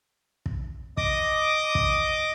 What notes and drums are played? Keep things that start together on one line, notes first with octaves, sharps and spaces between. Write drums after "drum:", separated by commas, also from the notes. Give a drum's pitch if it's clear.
drum: kick
D#5 D6 D#6, drum: kick
drum: kick